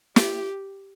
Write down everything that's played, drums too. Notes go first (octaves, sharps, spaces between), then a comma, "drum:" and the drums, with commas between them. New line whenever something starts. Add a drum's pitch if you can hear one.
G4, drum: snare